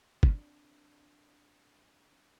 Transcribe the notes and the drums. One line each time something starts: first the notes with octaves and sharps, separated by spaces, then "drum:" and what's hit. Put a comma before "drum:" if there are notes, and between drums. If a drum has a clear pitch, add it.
C4 D4, drum: kick